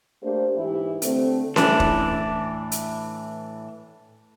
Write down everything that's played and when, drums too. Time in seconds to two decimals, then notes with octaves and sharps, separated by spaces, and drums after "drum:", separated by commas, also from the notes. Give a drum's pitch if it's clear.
0.22 A3 A#3 D4 G4 C5
0.55 G#2 E3 E4 G4
1.02 D3 A3 C4, drum: hi-hat
1.56 A2 E3 D4, drum: snare C#4
1.80 drum: kick
2.72 drum: hi-hat